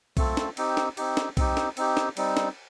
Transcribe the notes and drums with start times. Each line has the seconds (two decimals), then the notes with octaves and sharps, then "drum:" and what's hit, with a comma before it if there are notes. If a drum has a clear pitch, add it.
0.17 A3 C4 F4 A4, drum: kick, cymbal
0.37 drum: snare
0.57 C4 D#4 G4, drum: cymbal
0.77 drum: snare
0.97 C4 D#4 G4, drum: cymbal
1.17 drum: snare
1.37 C4 D#4 G4, drum: kick, cymbal
1.57 drum: snare
1.77 C4 D#4 G4, drum: cymbal
1.97 drum: snare
2.17 G3 C4 D#4, drum: cymbal
2.37 drum: snare